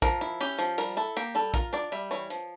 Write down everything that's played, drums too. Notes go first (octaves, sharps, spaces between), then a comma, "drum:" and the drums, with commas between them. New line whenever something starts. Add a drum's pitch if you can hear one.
F3 A#4, drum: kick, hi-hat
E4
C#4 G4
F3
G3 A#4, drum: hi-hat
E4 A4
A#3 G4
G3 A4
F4 A#4, drum: kick, hi-hat
D4 D5
G3 E5
E3 C#5
F3, drum: hi-hat